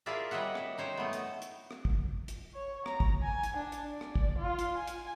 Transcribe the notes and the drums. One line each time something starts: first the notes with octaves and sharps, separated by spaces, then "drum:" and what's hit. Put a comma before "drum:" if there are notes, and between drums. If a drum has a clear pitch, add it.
E4 F4 G#4 A#4 D5 E5
G3 C#5 D#5 E5 F#5
drum: rim click
D#4 C5 C#5 G5
A3 B3
drum: hi-hat
drum: hi-hat
drum: rim click
drum: kick
drum: hi-hat
C#5
A#5, drum: rim click
drum: kick
G#5
drum: hi-hat
D4
drum: hi-hat
D5
drum: rim click
drum: kick
F4
drum: hi-hat
G#5
drum: hi-hat